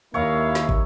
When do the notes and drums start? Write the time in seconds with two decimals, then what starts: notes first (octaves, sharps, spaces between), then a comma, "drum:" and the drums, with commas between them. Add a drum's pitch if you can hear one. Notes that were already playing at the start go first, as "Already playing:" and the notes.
0.14 D#2 A#3 E4 C#5 E5 F5 A#5
0.55 drum: snare
0.69 drum: kick